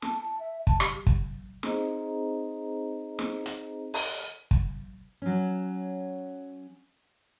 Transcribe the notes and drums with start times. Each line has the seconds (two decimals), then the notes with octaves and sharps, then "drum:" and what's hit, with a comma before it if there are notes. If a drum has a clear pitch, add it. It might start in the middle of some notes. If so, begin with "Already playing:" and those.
0.02 A5, drum: snare
0.21 A5
0.39 E5
0.67 A5, drum: kick
0.80 G4, drum: rim click
1.07 drum: kick
1.63 C4 D#4 G#4 C5 D#5 A#5, drum: snare
3.19 drum: snare
3.46 drum: hi-hat
3.94 drum: open hi-hat
4.51 drum: kick
5.22 F#3 C#4